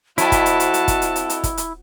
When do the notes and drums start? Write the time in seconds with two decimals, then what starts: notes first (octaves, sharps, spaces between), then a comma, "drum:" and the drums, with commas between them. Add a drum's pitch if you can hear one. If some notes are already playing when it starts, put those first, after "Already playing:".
0.18 F2 E4 F#4 A5, drum: hi-hat
0.32 drum: kick, hi-hat
0.46 drum: hi-hat
0.60 drum: hi-hat
0.74 drum: hi-hat
0.88 drum: kick, hi-hat
1.02 drum: hi-hat
1.16 drum: hi-hat
1.30 drum: hi-hat
1.44 drum: kick, hi-hat
1.57 drum: hi-hat